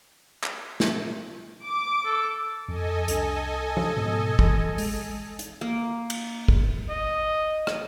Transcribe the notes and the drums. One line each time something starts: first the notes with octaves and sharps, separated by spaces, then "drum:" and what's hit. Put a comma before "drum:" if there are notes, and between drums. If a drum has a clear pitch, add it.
drum: clap
drum: snare
D6
A4
F2 A4 D#5 G#5
C2 D4, drum: hi-hat
drum: tom F3
G#2 B2
E3, drum: kick
G#3, drum: open hi-hat
drum: hi-hat
A#3
drum: cymbal
drum: kick
D#5
drum: rim click